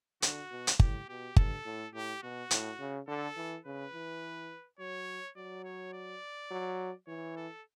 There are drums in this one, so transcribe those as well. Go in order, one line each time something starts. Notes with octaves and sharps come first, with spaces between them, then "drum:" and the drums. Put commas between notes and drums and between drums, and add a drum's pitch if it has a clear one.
D3 F#4, drum: hi-hat
B2
drum: hi-hat
A2 G4, drum: kick G1
B2 G4
G2 A4, drum: kick G1
A2
A2 G4
B2 F#4
A2, drum: hi-hat
C#3
D3 A4
E3
C#3 B4
E3
F#3 C#5
F#3 D5
C#5
D5
F#3
E3 C#5
A4